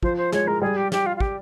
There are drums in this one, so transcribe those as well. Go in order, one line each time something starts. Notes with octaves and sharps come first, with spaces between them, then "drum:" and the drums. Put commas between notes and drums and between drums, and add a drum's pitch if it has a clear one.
F3 C5, drum: kick
C5
G#3 C#5, drum: snare
G#3 A#4
G3 G#4
G4
G4, drum: snare
F4
F4
G4, drum: kick